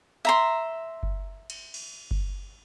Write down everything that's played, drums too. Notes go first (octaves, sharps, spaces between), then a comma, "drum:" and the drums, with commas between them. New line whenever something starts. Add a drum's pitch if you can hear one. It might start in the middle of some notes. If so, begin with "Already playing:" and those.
E5 A#5 C6
drum: kick F#1
drum: cymbal
drum: cymbal
drum: kick F#1